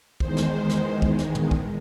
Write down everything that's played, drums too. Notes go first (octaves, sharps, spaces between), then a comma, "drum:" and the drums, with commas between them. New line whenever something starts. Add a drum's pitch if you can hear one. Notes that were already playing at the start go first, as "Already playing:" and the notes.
E2 D#3 G#3 C5, drum: kick B1
drum: snare
drum: snare
drum: kick B1
drum: snare
drum: tom
drum: kick B1